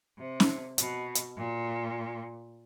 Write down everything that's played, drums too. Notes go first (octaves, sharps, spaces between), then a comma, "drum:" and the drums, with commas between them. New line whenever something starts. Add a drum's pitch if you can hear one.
C3
drum: snare
B2, drum: hi-hat
drum: hi-hat
A#2